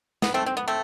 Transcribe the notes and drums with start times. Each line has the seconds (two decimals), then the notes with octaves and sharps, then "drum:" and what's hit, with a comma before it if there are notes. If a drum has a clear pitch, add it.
0.22 B3, drum: snare
0.34 A3 C4
0.46 C4
0.57 B3
0.68 A3 C4